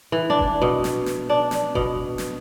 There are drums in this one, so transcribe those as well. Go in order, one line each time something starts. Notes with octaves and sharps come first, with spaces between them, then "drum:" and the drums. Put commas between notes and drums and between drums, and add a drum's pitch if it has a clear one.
E3
D4
drum: kick F#1
B2
drum: snare
drum: snare
D4
drum: snare
B2, drum: kick F#1
drum: snare